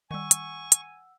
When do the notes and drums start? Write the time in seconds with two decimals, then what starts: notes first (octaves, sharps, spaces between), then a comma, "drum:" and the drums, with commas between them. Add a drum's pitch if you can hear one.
0.11 D#3 G3 F#5 G#5 C#6 E6
0.31 drum: hi-hat
0.72 drum: hi-hat